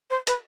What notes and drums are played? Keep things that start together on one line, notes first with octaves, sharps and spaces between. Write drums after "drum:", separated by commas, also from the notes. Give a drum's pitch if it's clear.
C5
B4, drum: hi-hat